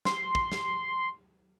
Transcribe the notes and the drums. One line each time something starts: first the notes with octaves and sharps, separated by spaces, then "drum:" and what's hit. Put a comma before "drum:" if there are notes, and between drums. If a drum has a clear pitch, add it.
C6, drum: snare
drum: kick
drum: snare